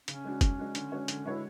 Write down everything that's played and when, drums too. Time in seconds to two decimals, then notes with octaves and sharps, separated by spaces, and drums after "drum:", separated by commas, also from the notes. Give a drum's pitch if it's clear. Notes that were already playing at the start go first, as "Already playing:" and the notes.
0.08 C#3 C#4, drum: hi-hat
0.25 G#3 D4 F#4
0.41 C#3, drum: kick, hi-hat
0.59 G#3 D4 F#4
0.75 D3, drum: hi-hat
0.92 G#3 D4 F#4 C#5
1.08 D3, drum: hi-hat
1.25 G#3 D4 E4 F#4 C#5